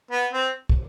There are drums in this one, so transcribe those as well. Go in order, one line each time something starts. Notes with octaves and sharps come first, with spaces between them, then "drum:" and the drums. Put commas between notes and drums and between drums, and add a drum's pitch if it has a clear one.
B3
C4
drum: kick